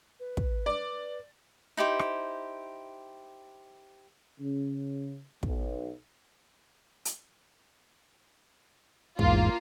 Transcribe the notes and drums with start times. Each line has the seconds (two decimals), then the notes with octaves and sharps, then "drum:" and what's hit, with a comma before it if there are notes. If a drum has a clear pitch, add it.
0.20 B4
0.37 drum: kick
0.66 D5
1.77 D#4 E4 G4 C5
1.99 drum: rim click
4.39 C#3
5.43 B1, drum: kick
7.05 drum: hi-hat
9.19 E2 G#2 A#3 F4, drum: kick